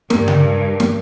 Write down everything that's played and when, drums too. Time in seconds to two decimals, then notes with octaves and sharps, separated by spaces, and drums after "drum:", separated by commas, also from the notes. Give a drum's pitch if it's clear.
0.10 G2 A#4, drum: snare
0.28 drum: tom C#3
0.80 drum: snare